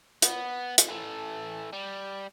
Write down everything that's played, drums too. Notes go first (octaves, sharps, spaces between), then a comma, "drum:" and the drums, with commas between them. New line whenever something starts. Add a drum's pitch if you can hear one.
B3, drum: hi-hat
drum: hi-hat
E3 A3
G3